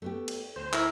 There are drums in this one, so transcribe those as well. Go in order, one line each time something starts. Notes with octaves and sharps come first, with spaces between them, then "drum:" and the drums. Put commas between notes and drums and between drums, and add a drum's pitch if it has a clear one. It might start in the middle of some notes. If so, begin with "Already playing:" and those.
A3 B3 G4
drum: cymbal
D2 C5
E4 A#4, drum: clap